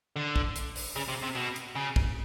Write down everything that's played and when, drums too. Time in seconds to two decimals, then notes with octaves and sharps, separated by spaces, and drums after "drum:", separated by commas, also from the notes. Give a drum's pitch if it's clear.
0.16 D3
0.36 drum: kick
0.56 drum: hi-hat
0.76 drum: open hi-hat
0.96 C#3
1.09 C3
1.23 C3
1.36 B2
1.56 drum: hi-hat
1.75 C#3
1.96 drum: kick